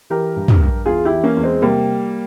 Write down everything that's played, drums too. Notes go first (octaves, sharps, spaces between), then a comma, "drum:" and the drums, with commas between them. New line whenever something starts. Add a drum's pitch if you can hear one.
E3 G4 A#4
G2
drum: tom
G2
E2 F4 G#4
E4 G4
E3
A#3 C#4
E2
G#3 C4
C3 G3 A#3